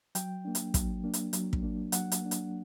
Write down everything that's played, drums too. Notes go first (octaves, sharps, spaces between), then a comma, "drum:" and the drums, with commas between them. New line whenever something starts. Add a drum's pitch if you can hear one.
F#3 G5, drum: hi-hat
A#3 D4
drum: hi-hat
F#3, drum: kick, hi-hat
A#3 D4
drum: hi-hat
F#3, drum: hi-hat
drum: kick
A#3 D4
F#3 F#5, drum: hi-hat
drum: hi-hat
A#3 D4
drum: hi-hat